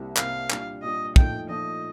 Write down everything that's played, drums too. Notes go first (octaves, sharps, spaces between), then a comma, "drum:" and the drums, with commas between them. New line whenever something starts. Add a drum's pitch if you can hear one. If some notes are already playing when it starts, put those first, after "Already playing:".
Already playing: C2 C3 G3 A#3
C2 C3 G3 A#3 F5, drum: clap
A#2 G3 D4, drum: clap
A#2 G3 D4 D#5
A#2 F3 A3 D#4 G5, drum: kick
A#2 F3 A3 D#4 D#5